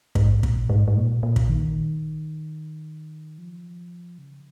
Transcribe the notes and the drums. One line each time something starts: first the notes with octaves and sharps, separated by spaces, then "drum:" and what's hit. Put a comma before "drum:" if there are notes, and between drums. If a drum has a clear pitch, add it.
G#2, drum: kick
A#2, drum: kick
G#2
G#2
A#2
A#2
drum: kick
D#3
F3
C#3